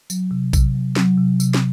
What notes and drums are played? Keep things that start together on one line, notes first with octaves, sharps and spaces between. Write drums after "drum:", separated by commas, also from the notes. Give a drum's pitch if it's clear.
F#3, drum: tambourine
C3
C3, drum: kick A#1, tambourine
F#3
F#3, drum: snare
C3
C3, drum: tambourine
drum: snare